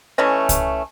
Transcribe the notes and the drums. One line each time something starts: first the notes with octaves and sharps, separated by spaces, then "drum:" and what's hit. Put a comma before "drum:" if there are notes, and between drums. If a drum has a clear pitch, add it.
E3 A3 C#4 D#5
drum: kick C2, hi-hat